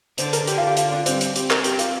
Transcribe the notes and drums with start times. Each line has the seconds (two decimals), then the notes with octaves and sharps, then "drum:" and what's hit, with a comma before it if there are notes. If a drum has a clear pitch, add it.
0.18 D3 C5, drum: hi-hat
0.33 A#4, drum: hi-hat
0.47 D3 G4, drum: hi-hat
0.58 F4
0.67 G4
0.77 F4, drum: hi-hat
0.92 D4
1.06 G3 C4, drum: hi-hat
1.21 drum: hi-hat
1.36 C4 G4, drum: hi-hat
1.51 A#4, drum: clap
1.64 G4, drum: hi-hat
1.79 F4, drum: hi-hat